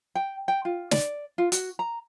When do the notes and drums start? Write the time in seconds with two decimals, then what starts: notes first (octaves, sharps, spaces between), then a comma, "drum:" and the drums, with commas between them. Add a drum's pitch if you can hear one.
0.15 G5
0.48 G5
0.65 F4
0.91 D5, drum: snare
1.38 F4
1.52 F#4, drum: hi-hat
1.79 A#5